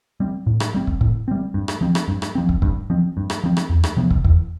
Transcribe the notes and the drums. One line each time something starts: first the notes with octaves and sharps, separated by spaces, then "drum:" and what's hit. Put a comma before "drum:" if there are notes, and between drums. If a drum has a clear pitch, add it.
G3 C4
A2
drum: rim click
G3 C4
drum: kick
A2, drum: kick
G3 C4
G2
drum: rim click
F3 C4
drum: rim click
G2
drum: rim click
F3 C4
drum: kick
G2, drum: kick
F3 C4
G2
drum: rim click
F3 C4
drum: rim click
E2
drum: rim click
C3 F3 B3
drum: kick
E2, drum: kick